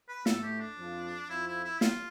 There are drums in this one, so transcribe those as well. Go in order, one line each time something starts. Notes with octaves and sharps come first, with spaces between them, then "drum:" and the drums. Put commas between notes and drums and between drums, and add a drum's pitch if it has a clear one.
B4
A2 A3 A4, drum: snare
G4
D4
F2 F3
F2 F3 E4
E4
E4
F4, drum: snare